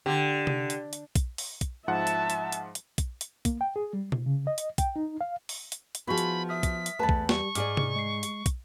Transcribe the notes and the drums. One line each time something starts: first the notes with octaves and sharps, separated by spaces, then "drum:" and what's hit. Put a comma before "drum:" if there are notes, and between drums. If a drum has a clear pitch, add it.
D3 G4
drum: tom C3
drum: hi-hat
drum: hi-hat
drum: kick, hi-hat
drum: open hi-hat
drum: kick, hi-hat
G#2 F3 E5 F#5 A5
drum: hi-hat
drum: hi-hat
drum: hi-hat
drum: hi-hat
drum: kick, hi-hat
drum: hi-hat
A#3, drum: kick, hi-hat
G5
G#4
G3
B2, drum: tom C3
C#3
D#5
drum: hi-hat
G5, drum: kick, hi-hat
D#4
F5
drum: open hi-hat
drum: hi-hat
drum: hi-hat
F3 B3 E4 F#4 G#4 B5
drum: hi-hat
E5 D#6 F6 B6
drum: kick, hi-hat
drum: hi-hat
E2 A3 B4 A5 B5 A6
drum: kick
G3 G4 C#6, drum: snare
G#2 G#4 D5 D6 F6, drum: hi-hat
drum: tom C3
G#3 C7
drum: hi-hat
drum: kick, hi-hat